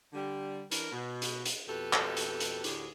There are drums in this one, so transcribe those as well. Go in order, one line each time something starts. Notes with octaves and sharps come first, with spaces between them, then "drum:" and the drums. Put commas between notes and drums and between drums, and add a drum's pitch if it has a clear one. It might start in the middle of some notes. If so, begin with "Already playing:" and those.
D3 G3
E3 D4 A#4, drum: hi-hat
B2
drum: hi-hat
drum: hi-hat
F2 B2 G4 A4 B4
drum: clap
drum: hi-hat
drum: hi-hat
D2 A2 D3 G4 G#4, drum: hi-hat